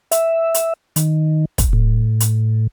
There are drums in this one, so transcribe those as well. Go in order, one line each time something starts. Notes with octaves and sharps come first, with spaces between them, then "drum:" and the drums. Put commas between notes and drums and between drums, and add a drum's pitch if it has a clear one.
E5, drum: hi-hat
drum: hi-hat
D#3, drum: hi-hat
drum: kick, hi-hat
A2
drum: hi-hat